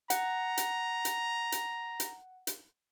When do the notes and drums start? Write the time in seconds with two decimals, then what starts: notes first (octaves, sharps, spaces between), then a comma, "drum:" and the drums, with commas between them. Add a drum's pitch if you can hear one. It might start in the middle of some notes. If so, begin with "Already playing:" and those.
0.10 F#5 A#5, drum: hi-hat
0.57 drum: hi-hat
1.05 drum: hi-hat
1.52 drum: hi-hat
2.00 drum: hi-hat
2.47 drum: hi-hat